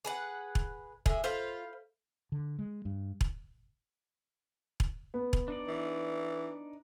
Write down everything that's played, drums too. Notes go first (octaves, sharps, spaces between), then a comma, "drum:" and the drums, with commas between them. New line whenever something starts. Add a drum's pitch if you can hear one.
G#4 B4 F#5
drum: kick E1
A2 G#4 E5, drum: kick E1
F4 C5 F5 B5
D3
G#3
G2
drum: kick E1
drum: kick E1
B3
drum: kick E1
D4 D#4 D5
E3